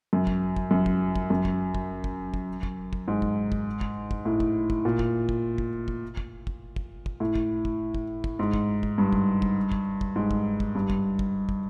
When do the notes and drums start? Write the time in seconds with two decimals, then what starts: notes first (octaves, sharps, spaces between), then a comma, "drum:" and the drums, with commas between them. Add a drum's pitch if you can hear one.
0.13 F#2
0.27 drum: kick
0.57 drum: kick
0.71 F#2
0.86 drum: kick
1.16 drum: kick
1.30 F#2
1.45 drum: kick
1.75 drum: kick
2.04 drum: kick
2.34 drum: kick
2.63 drum: kick
2.93 drum: kick
3.08 G#2
3.22 drum: kick
3.52 drum: kick
3.81 drum: kick
4.11 drum: kick
4.25 A2
4.40 drum: kick
4.70 drum: kick
4.85 A#2
4.99 drum: kick
5.29 drum: kick
5.58 drum: kick
5.88 drum: kick
6.17 drum: kick
6.47 drum: kick
6.76 drum: kick
7.06 drum: kick
7.20 A2
7.35 drum: kick
7.65 drum: kick
7.94 drum: kick
8.24 drum: kick
8.39 G#2
8.54 drum: kick
8.83 drum: kick
8.98 G2
9.13 drum: kick
9.42 drum: kick
9.72 drum: kick
10.01 drum: kick
10.16 G#2
10.31 drum: kick
10.60 drum: kick
10.75 G2
10.90 drum: kick
11.19 drum: kick
11.49 drum: kick